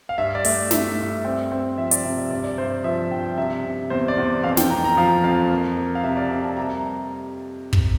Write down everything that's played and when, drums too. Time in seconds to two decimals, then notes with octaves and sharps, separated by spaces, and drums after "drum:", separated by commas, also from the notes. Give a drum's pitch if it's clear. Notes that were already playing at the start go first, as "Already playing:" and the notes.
0.09 F5
0.18 G2 E5
0.35 D5
0.45 A3 E5, drum: open hi-hat
0.71 A3 E5, drum: snare
0.98 G2
1.25 C4
1.52 C4
1.78 F3 E5
1.91 D5, drum: hi-hat
2.04 C3 E5
2.18 E5
2.31 G2 D5
2.44 D5
2.58 G2 C5
2.84 F3 E5
3.11 G2 G5
3.37 C3 E5
3.64 C3
3.90 E2 C5
4.08 D5
4.18 E2
4.44 F2 F5
4.57 G5, drum: snare
4.70 F2 A#5
4.84 A#5
4.97 F3 F5
5.24 F2 F5
5.50 A#3
5.77 A#3
5.95 F5
6.04 C3 E5
6.17 D5
6.30 C3 F5
6.44 A5
6.57 G3 A#5
7.73 drum: kick